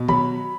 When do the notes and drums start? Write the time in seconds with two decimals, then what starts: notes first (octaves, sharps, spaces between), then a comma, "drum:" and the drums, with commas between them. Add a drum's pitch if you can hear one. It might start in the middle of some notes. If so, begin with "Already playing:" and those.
Already playing: B2
0.08 F#3 B5, drum: tom D#3